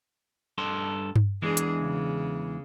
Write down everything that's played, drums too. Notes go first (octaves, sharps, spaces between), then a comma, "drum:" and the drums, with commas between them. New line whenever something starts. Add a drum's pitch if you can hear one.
G2 A4 C6
drum: tom G2
E2 E3 G#3 D4 G#4
drum: hi-hat
C#3